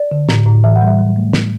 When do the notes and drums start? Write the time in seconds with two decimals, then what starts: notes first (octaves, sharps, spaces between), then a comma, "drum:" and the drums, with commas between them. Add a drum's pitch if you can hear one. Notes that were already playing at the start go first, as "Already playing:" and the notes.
Already playing: D5
0.11 D3
0.29 A2, drum: snare
0.46 A2
0.64 E3 E5
0.76 F#5
0.81 G3
0.87 E5
0.99 F#3
1.16 A3
1.33 drum: snare